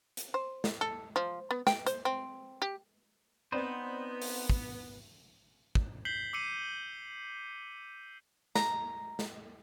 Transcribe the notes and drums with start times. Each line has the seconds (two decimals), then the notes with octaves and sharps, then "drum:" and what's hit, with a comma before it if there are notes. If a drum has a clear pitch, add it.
0.17 drum: hi-hat
0.34 C5
0.64 drum: snare
0.81 A4
1.16 F3
1.51 B3
1.67 G5, drum: snare
1.86 C5, drum: hi-hat
2.05 C4
2.62 G4
3.52 B3 C4 D#4 B4 C5 D5
4.22 drum: open hi-hat
4.50 drum: kick
5.75 drum: kick
6.05 G6 B6 C7 F#7 G7
6.33 D6 E6 C7 C#7 D#7 F#7
8.55 A#5, drum: snare
9.19 drum: snare